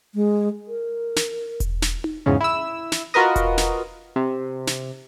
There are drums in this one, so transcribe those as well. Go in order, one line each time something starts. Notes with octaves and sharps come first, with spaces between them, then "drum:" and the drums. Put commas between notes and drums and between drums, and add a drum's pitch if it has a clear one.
G#3
A#4
drum: snare
drum: kick E1, hi-hat
drum: snare
drum: tom D#4
E2 G#2 C#3
E4 E6
drum: snare
F4 F#4 A#4 B4 D#5
drum: kick E1, hi-hat
drum: snare
C3
drum: snare